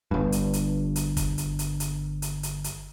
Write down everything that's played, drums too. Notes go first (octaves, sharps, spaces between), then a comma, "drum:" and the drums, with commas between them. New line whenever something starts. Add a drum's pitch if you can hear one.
G1 G2
drum: hi-hat
drum: hi-hat
drum: hi-hat
drum: kick, hi-hat
drum: hi-hat
drum: hi-hat
drum: hi-hat
drum: hi-hat
drum: hi-hat
drum: hi-hat